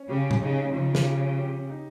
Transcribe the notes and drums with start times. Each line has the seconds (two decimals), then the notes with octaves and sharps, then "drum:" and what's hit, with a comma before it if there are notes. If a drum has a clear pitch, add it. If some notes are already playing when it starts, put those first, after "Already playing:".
Already playing: C#4
0.09 C#3 G4
0.31 drum: tom
0.41 C#3 D#4
0.73 C#3 F3
0.95 drum: snare
1.05 G4
1.38 G4
1.70 D#4